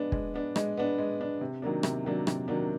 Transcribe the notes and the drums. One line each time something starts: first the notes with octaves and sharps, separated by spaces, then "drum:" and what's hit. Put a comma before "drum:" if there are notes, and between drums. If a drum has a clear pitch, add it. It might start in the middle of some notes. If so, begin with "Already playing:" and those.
Already playing: G#3 B3 D4
G#3, drum: kick
B3 D4
G#3, drum: rim click
B3 D4
G#3
B3 D4
C3
D#3 F#3 A#3 D4
C3, drum: rim click
D#3 F#3 A#3 D4
C3, drum: rim click
D#3 F#3 A#3 D4